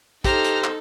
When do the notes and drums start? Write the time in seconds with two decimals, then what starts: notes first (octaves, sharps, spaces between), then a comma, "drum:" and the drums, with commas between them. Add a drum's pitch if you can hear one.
0.24 D#4 G4 A4 C5 A#5 F6, drum: kick, hi-hat
0.44 drum: hi-hat
0.64 drum: clap